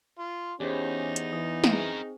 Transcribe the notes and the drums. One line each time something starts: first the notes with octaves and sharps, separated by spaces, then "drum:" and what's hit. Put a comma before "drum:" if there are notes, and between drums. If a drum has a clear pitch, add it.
F4
E2 C#4 D#4 G4 G#4 C5
drum: hi-hat
E3 D#6
drum: snare
C4 C#4 G#4 A#4